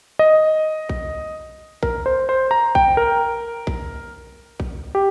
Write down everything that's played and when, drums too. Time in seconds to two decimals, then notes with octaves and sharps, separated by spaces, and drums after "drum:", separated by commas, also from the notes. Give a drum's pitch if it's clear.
0.19 D#5
0.89 drum: kick A#1
1.83 A#4, drum: kick A#1
2.06 C5
2.29 C5
2.51 A#5
2.75 G5, drum: kick A#1
2.97 A#4
3.67 drum: kick A#1
4.60 drum: kick A#1
4.95 G4